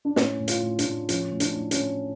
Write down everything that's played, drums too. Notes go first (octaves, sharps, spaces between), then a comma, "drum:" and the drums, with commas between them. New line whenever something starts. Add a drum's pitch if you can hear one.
D4
A2 C#4, drum: snare
A2
F4, drum: hi-hat
A2
D4, drum: hi-hat
A2
F3 C#4, drum: hi-hat
A2
D4, drum: hi-hat
A2
C#4, drum: hi-hat
A2